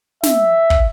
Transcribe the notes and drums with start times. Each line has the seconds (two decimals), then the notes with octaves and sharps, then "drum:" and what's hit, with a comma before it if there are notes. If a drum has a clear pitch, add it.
0.23 E5, drum: snare
0.70 drum: kick